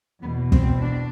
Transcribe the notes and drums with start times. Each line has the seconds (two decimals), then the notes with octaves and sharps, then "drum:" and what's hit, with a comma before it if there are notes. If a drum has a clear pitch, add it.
0.23 E2 B2 B3
0.52 C4, drum: kick
0.81 D4